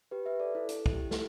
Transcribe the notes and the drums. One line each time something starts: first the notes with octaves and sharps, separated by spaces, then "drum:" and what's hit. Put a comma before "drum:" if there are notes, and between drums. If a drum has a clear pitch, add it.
G4 B4
B4 E5
A4 D5
E4 A4
drum: hi-hat
E4, drum: kick
G4
E4 A4, drum: snare